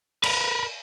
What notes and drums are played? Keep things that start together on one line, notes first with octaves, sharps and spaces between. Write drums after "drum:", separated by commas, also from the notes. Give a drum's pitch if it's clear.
A#4 B4, drum: cymbal